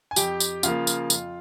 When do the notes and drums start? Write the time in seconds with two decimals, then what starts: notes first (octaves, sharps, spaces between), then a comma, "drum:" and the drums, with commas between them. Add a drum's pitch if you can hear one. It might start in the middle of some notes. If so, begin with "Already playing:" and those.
0.11 G#5
0.16 F2 G4 G5, drum: tambourine
0.40 drum: tambourine
0.63 C#3 F3 A#3 F4 F5, drum: tambourine
0.87 drum: tambourine
1.10 F2, drum: tambourine